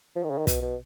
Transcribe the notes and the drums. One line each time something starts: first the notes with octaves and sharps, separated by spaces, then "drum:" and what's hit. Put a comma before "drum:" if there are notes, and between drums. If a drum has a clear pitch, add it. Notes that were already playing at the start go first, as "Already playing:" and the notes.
F3
D#3
C#3
D#3
B2, drum: kick, hi-hat
B2